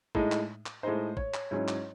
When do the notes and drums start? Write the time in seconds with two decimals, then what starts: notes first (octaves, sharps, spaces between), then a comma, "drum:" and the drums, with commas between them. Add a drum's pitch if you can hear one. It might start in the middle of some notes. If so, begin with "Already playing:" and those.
0.15 A2 G#3 D#4, drum: kick
0.32 drum: clap
0.66 drum: clap
0.83 A2 G#3 D#4 C5
1.17 C#5, drum: kick
1.34 drum: clap
1.51 G#2 F#3 C#4 E4 C#5
1.68 drum: clap